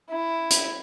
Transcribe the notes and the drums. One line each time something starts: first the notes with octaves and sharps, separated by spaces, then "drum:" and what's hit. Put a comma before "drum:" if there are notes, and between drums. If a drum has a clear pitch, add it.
E4
drum: hi-hat